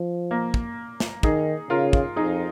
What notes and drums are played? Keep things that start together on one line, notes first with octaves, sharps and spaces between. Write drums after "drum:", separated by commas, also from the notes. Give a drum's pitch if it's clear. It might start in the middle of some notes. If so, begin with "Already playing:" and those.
Already playing: F3
A#3
drum: kick
drum: snare
D#3 D#4 G#4, drum: kick
C#3 F4 A#4
drum: kick
F2 D#4 G#4